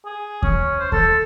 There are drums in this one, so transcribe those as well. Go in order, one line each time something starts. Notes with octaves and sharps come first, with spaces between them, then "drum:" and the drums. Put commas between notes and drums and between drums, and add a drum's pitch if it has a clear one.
G#4
C#4, drum: kick D#2
C5
A4, drum: kick D#2